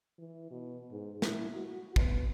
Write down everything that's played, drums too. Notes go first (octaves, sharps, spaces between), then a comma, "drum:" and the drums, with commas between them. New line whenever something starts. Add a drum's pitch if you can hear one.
E3
B2
G#2
E4, drum: snare
F#4
B3, drum: kick